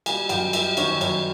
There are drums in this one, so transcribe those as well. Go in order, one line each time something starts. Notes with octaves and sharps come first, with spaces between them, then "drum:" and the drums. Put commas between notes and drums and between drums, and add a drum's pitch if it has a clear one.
G3 G#5, drum: cymbal
F#2 G5, drum: cymbal
G3 E5, drum: cymbal
D#3 C#5, drum: cymbal
F#2 C#5, drum: cymbal